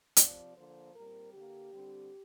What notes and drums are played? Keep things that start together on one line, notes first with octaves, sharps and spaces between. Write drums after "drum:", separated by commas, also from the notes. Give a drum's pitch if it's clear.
C3 F3 C4 D5, drum: hi-hat
D3 F3 A#3 C5
A#2 G3 C4 A#4
D3 A#3 G4
D3 G3 C4